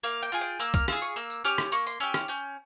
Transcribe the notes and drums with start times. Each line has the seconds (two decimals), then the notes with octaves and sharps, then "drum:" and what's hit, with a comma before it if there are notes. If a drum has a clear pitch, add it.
0.03 A#3 F5, drum: tambourine
0.23 G5
0.32 F4 G#4, drum: tambourine
0.41 G5
0.60 A#3 E6, drum: tambourine
0.74 F6, drum: kick B1, tambourine
0.88 F4 G#4 E6, drum: rim click
1.02 C#6, drum: tambourine
1.16 A#3 E6
1.30 drum: tambourine
1.44 C#4 G4 F6, drum: tambourine
1.58 drum: rim click
1.72 A#3 C#6, drum: tambourine
1.87 C6, drum: tambourine
2.00 C#4 G4 E6
2.14 F6, drum: rim click
2.28 C#4 G6, drum: tambourine